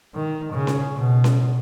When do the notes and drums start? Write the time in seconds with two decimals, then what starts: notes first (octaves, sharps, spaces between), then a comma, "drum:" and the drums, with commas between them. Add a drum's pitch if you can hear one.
0.15 D#3
0.52 C#3
0.67 drum: snare C#4
0.96 B2
1.24 drum: snare C#4